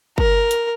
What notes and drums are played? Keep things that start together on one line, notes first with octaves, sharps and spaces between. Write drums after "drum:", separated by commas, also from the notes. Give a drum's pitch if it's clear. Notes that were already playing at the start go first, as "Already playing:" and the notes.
A#4, drum: kick G1
drum: hi-hat